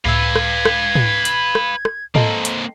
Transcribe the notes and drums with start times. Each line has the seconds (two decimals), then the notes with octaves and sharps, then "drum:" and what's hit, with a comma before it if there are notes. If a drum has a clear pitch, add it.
0.05 C#2 A2 B4 F5 E6 G#6
0.36 drum: rim click
0.65 drum: rim click
0.95 drum: tom
1.25 drum: hi-hat
1.55 drum: rim click
1.85 drum: rim click
2.15 A#3 C4 A4 D#5 A5, drum: tom
2.45 drum: hi-hat